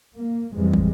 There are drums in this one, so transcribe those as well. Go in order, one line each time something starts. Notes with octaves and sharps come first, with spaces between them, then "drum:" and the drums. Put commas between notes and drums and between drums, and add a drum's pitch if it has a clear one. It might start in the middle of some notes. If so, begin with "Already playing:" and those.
A#3
F2 A2 C3 E3 G3 G#3
drum: kick